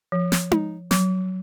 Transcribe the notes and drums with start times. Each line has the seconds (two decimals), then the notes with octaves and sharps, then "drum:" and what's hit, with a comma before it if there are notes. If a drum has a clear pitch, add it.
0.12 F3
0.32 drum: snare
0.51 drum: tom D#4
0.91 F#3, drum: snare